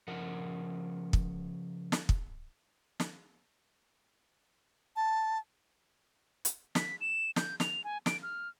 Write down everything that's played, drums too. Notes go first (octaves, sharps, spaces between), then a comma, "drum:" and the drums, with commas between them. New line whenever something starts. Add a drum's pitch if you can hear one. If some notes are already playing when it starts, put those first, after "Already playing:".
C#3 F3 A#4 D#5 F#5
drum: kick
drum: snare
drum: kick
drum: snare
A5
drum: hi-hat
B6, drum: snare
E7
G6, drum: snare
F7, drum: snare
G#5
D7, drum: snare
F6